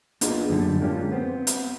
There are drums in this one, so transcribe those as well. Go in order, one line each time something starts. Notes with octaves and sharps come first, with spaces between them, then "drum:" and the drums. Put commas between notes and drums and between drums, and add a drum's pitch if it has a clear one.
A#3 B3 D4 D#4 F4 G#4, drum: hi-hat
F#2 A2 D3 F3 G3 D4
G#3 A#3 C#4 D4 F4 G4
B3 C4 C5
drum: hi-hat